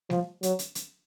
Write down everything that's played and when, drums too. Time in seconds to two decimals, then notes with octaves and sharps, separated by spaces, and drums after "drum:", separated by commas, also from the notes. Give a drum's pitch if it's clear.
0.10 F3, drum: snare G3
0.43 F#3, drum: hi-hat
0.59 drum: hi-hat
0.75 drum: hi-hat